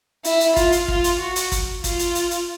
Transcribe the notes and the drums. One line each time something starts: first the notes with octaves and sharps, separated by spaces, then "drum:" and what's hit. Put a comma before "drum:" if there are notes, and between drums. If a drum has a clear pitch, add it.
E4, drum: hi-hat
drum: hi-hat
F4, drum: kick, hi-hat
drum: hi-hat
F4, drum: kick
drum: hi-hat
F#4
drum: hi-hat
drum: kick, hi-hat
F4, drum: kick, hi-hat
drum: hi-hat
drum: hi-hat
drum: hi-hat